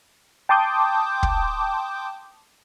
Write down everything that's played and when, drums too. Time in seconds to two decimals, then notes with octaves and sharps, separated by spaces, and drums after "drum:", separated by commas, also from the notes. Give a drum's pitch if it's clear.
0.49 G5 A5 C6 D6 D#6 G6
1.23 drum: kick